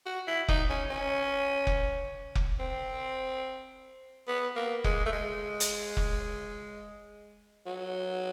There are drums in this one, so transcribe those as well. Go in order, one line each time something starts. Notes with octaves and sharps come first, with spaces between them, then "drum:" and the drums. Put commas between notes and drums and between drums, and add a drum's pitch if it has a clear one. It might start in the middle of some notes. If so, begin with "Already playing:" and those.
F#4
E4
D#4, drum: kick F1
C#4
C#4
drum: kick F1
drum: kick F1
C4
B3
A#3
G#3, drum: kick F1
A3
G#3
drum: hi-hat
drum: kick F1
F#3